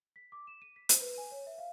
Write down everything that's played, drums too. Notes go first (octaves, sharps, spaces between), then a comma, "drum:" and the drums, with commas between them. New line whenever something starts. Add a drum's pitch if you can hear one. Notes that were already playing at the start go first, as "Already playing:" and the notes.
B6
D6
E7
D#7
B6
C5, drum: hi-hat
B4
G#5
C#5
E5
F5